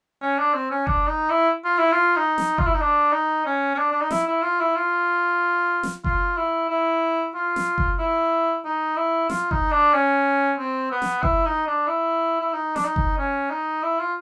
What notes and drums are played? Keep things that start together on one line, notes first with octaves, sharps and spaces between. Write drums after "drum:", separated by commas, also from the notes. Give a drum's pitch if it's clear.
C#4
D4
C4
C#4
D4, drum: kick F#1
D#4
E4
F4
E4
F4
D#4
drum: snare
F4, drum: kick F#1
E4
D#4
D4
D#4
C#4
C#4
D4
D4
D#4
E4, drum: snare
E4
F4
E4
F4
drum: snare
F4, drum: kick F#1
E4
E4
F4
drum: snare
drum: kick F#1
E4
D#4
E4
F4, drum: snare
D#4, drum: kick F#1
D4
C#4
C4
B3
drum: snare
E4, drum: kick F#1
D#4
D4
E4
E4
D#4
D4, drum: snare
D#4
drum: kick F#1
C#4
D#4
E4
F4